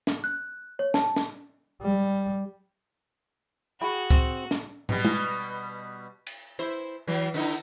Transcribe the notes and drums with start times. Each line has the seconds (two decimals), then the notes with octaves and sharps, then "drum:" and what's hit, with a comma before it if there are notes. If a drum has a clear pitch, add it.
0.07 drum: snare
0.24 F#6
0.79 C#5
0.94 A5, drum: snare
1.16 drum: snare
1.82 G3
3.81 F#4 G#4 G5 B5
4.10 C4, drum: kick C#2
4.51 drum: snare
4.89 B2 G3, drum: tom
5.05 drum: tom G#3
6.27 drum: cymbal
6.59 E4 C5, drum: hi-hat
7.07 E3 F#3
7.34 D3 D#4 E4, drum: open hi-hat